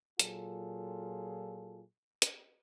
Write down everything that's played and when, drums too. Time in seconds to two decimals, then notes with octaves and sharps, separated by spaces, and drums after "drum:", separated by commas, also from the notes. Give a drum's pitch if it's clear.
0.19 A#2 F#3 F4 G#4 A4, drum: hi-hat
2.22 drum: hi-hat